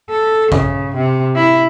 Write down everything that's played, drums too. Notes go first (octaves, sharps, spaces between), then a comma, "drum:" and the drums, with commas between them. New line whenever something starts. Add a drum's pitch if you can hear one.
A4
C#3, drum: kick A#1
C3
E4